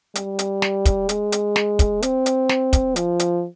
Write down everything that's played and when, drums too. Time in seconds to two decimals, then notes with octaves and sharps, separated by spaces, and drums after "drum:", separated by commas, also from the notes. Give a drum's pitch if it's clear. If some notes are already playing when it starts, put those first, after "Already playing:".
0.15 G3, drum: hi-hat
0.39 drum: hi-hat
0.62 drum: snare
0.85 drum: kick, hi-hat
1.09 G#3, drum: hi-hat
1.32 drum: hi-hat
1.56 drum: snare
1.79 drum: kick, hi-hat
2.02 C4, drum: hi-hat
2.26 drum: hi-hat
2.49 drum: snare
2.73 drum: kick, hi-hat
2.96 F3, drum: hi-hat
3.20 drum: hi-hat